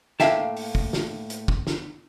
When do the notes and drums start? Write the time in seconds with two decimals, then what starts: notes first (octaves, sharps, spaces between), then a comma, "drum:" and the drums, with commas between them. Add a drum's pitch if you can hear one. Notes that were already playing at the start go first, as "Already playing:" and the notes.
0.20 A2 A#3 E5 F5 G5 A5, drum: snare
0.56 drum: open hi-hat
0.75 drum: kick
0.93 drum: snare
1.30 drum: hi-hat
1.48 drum: kick
1.67 drum: snare